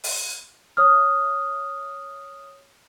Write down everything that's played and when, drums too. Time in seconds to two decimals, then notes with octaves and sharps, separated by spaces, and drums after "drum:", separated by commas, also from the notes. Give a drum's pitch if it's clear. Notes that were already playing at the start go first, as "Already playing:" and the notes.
0.04 drum: open hi-hat
0.77 C#5 D#6 F6